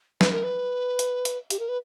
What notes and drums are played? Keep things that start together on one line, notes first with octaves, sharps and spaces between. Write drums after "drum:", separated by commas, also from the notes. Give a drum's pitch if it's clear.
B4, drum: snare
A#4
B4
drum: hi-hat
drum: hi-hat
G4, drum: hi-hat
A#4
B4